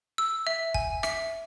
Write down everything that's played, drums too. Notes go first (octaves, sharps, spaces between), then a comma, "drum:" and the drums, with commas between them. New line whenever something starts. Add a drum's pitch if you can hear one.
E6
E5
G#5, drum: kick
E5, drum: rim click